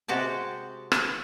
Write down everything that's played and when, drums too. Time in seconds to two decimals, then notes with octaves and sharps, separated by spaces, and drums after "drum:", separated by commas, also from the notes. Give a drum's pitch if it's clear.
0.08 C3 G#3 F#4 G4 A5
0.92 drum: rim click